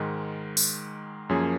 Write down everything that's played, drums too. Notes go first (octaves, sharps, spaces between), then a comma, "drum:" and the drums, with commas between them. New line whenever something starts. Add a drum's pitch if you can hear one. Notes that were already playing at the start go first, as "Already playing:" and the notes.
Already playing: G#2 D#3 G#3
drum: open hi-hat
F#2 F3 A#3 C#4 G#4